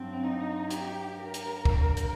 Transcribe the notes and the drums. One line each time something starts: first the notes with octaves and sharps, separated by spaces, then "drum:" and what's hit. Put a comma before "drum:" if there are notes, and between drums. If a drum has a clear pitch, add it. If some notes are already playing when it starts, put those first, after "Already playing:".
Already playing: G2 F#3 C4
D#4
G4, drum: hi-hat
A#4
drum: hi-hat
drum: kick
drum: hi-hat